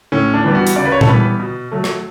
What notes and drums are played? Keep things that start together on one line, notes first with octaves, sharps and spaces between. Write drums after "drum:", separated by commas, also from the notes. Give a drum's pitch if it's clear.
A2 C#4
D4
E3 G3 B3
F#4
drum: hi-hat
C#3 D5
B4
C#5
A4, drum: tom A#2
E3 G3 B3 B4
B2
F#3 A3
drum: rim click